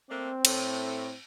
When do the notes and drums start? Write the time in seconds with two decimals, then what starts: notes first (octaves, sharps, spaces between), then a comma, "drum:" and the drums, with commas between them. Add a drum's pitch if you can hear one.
0.10 A3 A#3 C4 D4
0.45 A2, drum: cymbal